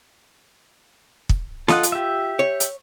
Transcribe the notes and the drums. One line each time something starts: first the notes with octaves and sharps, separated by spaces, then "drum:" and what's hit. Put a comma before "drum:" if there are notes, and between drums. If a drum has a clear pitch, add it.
drum: kick
F4 A4 D#5 F#5, drum: snare
drum: hi-hat
G4 E5
C#5
drum: hi-hat